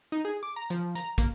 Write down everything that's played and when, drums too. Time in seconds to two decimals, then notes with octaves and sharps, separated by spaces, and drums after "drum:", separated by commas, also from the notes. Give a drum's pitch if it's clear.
0.12 D#4
0.25 G#4
0.43 D6
0.56 A#5
0.70 F3, drum: hi-hat
0.95 A#5, drum: hi-hat
1.18 A#3, drum: kick, hi-hat